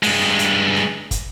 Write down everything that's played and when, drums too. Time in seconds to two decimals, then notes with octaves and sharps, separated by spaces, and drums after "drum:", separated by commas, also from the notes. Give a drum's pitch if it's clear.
0.03 G2 G#3, drum: open hi-hat
0.39 drum: hi-hat
0.75 drum: snare
1.11 drum: kick, hi-hat